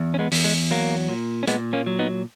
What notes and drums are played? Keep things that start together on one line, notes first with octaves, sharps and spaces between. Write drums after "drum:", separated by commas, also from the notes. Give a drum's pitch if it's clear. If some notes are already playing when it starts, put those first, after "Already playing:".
Already playing: E2
C#4
G#3 B3
E2, drum: open hi-hat
G#3
F#3 A#3
A#2
C#4
A#2 G#3 B3, drum: hi-hat
A#3 C#4
F#3
B3 D#4